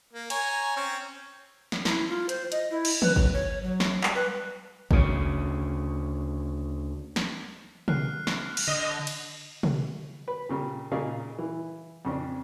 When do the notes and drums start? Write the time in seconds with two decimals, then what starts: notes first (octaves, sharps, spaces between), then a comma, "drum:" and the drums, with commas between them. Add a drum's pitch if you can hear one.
0.13 A#3
0.30 C#5 G#5 A#5, drum: cymbal
0.76 C4 C#4 C#5
1.72 drum: snare
1.85 E4, drum: snare
2.08 F4
2.29 C5, drum: hi-hat
2.52 D#5, drum: hi-hat
2.70 E4
2.85 drum: cymbal
3.02 B4, drum: tom
3.16 F#3, drum: kick G#1
3.33 C#5
3.63 F#3
3.80 drum: snare
4.03 G3, drum: clap
4.15 B4
4.91 D2 C#3, drum: kick G#1
7.16 drum: snare
7.88 F6 F#6 C7, drum: tom
8.27 drum: snare
8.57 drum: cymbal
8.68 D3 D#5
9.07 drum: cymbal
9.63 drum: tom
10.28 B4
10.49 A#2 C#3 G3
10.91 A#2 C#3 D#4 G#4 D5 F5
11.38 E3
12.05 F2 C#3 C4 D4